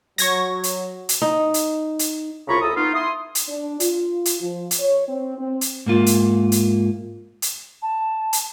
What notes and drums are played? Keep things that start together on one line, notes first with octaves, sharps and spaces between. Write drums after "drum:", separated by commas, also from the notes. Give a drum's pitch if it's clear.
F#3 C#6 G#6 A#6, drum: hi-hat
drum: hi-hat
drum: hi-hat
D#4
drum: hi-hat
drum: hi-hat
C2 C#3 F4 A#5 B5 C#6
C2 A4 D#6
B3 D#4 F4
E4 C6 D#6
drum: hi-hat
D4
F4, drum: hi-hat
drum: hi-hat
F3
drum: hi-hat
C#5
C4
C4
drum: hi-hat
G#2 A#3 F4
drum: hi-hat
drum: hi-hat
drum: hi-hat
A5
drum: hi-hat